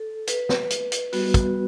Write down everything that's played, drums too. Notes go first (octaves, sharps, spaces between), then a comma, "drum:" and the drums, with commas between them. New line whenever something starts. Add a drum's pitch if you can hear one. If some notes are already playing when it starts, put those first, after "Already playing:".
Already playing: A4
B4, drum: hi-hat
drum: snare
drum: hi-hat
drum: hi-hat
G3 B3 F#4, drum: open hi-hat
drum: kick, hi-hat